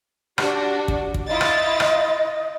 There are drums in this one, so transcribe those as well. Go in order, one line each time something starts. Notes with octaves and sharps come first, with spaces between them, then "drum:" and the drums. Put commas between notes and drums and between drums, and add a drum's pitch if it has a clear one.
D4 F#4 G4, drum: rim click
drum: kick
drum: kick
E4 F4 D#5 A6
drum: rim click
drum: rim click